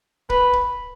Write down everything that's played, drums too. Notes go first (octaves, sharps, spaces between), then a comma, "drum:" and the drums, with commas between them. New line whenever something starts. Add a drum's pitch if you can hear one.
B4, drum: kick
drum: kick